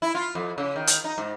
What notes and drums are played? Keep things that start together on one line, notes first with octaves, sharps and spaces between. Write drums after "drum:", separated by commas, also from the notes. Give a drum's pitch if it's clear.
E4
F4
F2
C#3
D#3
drum: hi-hat
D#4
G#2